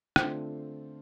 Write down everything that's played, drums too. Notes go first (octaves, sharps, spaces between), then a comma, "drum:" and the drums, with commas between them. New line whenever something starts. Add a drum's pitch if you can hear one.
D3 A3 C4 F4 C5, drum: rim click